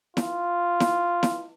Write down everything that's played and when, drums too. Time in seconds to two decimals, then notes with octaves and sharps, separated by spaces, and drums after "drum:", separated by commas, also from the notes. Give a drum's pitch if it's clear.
0.17 F4, drum: snare E4
0.80 drum: snare E4
1.23 drum: snare E4